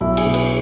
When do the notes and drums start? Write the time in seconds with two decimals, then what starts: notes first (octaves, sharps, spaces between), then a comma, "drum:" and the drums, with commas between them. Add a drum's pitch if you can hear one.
0.01 B1 E4
0.17 G#4, drum: cymbal
0.26 B2
0.34 B4, drum: cymbal